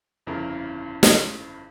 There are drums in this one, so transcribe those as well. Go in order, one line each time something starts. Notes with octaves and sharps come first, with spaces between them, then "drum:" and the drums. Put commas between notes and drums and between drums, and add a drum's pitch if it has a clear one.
G1 F2 C#3 E4 A#4
drum: snare